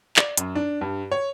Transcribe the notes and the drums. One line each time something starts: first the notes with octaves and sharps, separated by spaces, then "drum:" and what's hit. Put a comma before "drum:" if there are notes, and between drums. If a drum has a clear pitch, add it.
D5, drum: clap
F#2, drum: hi-hat
D4
G2
C#5